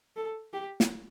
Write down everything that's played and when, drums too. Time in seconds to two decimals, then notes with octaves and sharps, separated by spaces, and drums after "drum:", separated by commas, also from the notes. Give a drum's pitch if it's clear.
0.16 A4
0.53 G4
0.80 drum: snare